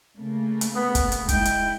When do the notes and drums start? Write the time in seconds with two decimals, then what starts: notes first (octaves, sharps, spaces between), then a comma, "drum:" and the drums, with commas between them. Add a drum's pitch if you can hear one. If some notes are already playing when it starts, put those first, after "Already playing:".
0.17 C#3 A3 A#3
0.61 drum: hi-hat
0.75 B3
0.95 drum: kick, hi-hat
1.12 drum: hi-hat
1.29 G#3 E4 G5, drum: kick, hi-hat
1.45 drum: hi-hat